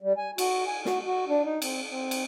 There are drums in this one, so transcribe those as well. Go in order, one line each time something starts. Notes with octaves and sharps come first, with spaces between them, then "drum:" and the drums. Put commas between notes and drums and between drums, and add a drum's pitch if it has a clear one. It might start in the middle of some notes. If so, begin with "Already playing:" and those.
G3
G#5
F#4, drum: cymbal
G#5
F#4, drum: snare
F#4
D4
D#4
C4, drum: cymbal
C4
drum: cymbal